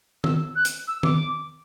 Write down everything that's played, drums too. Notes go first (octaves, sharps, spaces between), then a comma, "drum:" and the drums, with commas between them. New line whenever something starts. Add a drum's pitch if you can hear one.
E6, drum: tom D#3
F#6
drum: hi-hat
E6
D6, drum: tom D#3